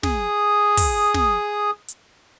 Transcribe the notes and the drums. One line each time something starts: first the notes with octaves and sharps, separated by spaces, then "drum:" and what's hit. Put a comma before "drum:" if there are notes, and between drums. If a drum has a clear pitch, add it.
G#4 D#6, drum: snare
drum: kick, open hi-hat
drum: snare
drum: hi-hat